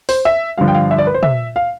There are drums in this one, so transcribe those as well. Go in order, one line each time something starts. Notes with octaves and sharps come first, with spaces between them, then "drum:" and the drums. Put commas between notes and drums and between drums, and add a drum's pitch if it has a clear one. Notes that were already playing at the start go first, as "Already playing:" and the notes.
C5, drum: open hi-hat
E5
G2 D3 F3 F5
G5
F5
E5
D5
B4
C5
E5, drum: tom
F5